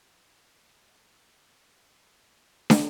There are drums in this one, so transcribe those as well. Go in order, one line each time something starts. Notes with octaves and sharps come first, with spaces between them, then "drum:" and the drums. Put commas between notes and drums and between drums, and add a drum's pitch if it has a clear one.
F4
E3 E4
D4 D#4
G#2 F#5
C#4 F#5
drum: snare